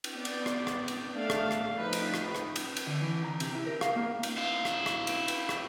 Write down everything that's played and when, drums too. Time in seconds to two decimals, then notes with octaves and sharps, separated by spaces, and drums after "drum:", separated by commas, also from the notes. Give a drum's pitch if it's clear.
0.04 drum: cymbal
0.16 B3 D5
0.25 drum: cymbal
0.46 drum: rim click
0.67 drum: rim click
0.88 drum: cymbal
1.16 A3 D4 F5
1.30 drum: rim click
1.51 drum: rim click
1.76 F3 D#4 B4
1.93 drum: cymbal
2.14 drum: rim click
2.35 drum: rim click
2.56 drum: cymbal
2.77 drum: cymbal
2.87 D3
3.01 E3
3.25 A#5
3.40 C3, drum: cymbal
3.55 E4
3.67 A#4
3.81 F5, drum: rim click
3.96 A#3
4.23 drum: cymbal
4.38 E4 F5
4.65 drum: rim click
4.86 drum: rim click
5.07 drum: cymbal
5.28 drum: cymbal
5.49 drum: rim click